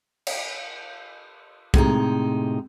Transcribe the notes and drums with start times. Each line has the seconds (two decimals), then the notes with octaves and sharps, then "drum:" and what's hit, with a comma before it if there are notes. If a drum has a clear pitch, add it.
0.27 drum: cymbal
1.74 A2 C3 G#3 D#4, drum: kick B1